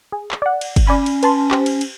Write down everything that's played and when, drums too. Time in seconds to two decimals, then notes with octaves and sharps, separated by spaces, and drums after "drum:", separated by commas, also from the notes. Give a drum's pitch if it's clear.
0.12 G#4
0.31 drum: clap
0.42 D5 F#5
0.61 drum: cymbal
0.76 drum: kick, cymbal
0.87 C#4 D5 G#5 B5
1.06 drum: cymbal
1.23 B4 A5 C6, drum: cymbal
1.51 G4 C5, drum: clap
1.66 drum: cymbal
1.81 drum: cymbal